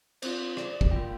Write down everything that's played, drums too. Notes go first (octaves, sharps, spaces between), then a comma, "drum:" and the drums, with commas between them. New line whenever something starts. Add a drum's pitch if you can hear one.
C4 F4 C5, drum: cymbal
D5, drum: rim click
drum: kick
A#3 F4 G5